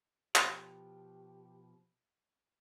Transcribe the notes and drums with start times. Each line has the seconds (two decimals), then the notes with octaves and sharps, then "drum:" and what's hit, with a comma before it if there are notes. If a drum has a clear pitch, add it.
0.35 B2 F3 G4, drum: clap